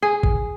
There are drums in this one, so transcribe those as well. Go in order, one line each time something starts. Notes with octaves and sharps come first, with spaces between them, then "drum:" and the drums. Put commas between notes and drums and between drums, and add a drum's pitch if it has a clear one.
G#4
drum: kick G#1